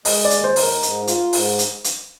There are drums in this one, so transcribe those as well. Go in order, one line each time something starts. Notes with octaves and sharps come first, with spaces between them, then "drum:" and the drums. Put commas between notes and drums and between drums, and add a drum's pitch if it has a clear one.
G#3 D#5, drum: open hi-hat
D5
D#2, drum: hi-hat
C5
D#4, drum: open hi-hat
A#4
G#2, drum: hi-hat
F4, drum: hi-hat
G#2, drum: open hi-hat
drum: hi-hat
drum: hi-hat